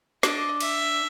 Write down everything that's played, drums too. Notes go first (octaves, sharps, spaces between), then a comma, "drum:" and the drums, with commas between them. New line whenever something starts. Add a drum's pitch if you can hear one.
D4 D#5, drum: snare
E5, drum: cymbal